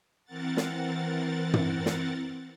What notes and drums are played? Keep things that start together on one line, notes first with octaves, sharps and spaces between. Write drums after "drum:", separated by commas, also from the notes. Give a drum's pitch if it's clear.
E3 C4 A#4 F#5 A6
drum: snare
drum: tom
drum: snare